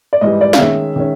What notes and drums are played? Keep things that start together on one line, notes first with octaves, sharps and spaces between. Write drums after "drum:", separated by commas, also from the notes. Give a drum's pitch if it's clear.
D5
G#2 E3 G3 D#5
D5
F5, drum: snare A#3
D#3 G#3 C#4 E5
D#3 G#3 C#4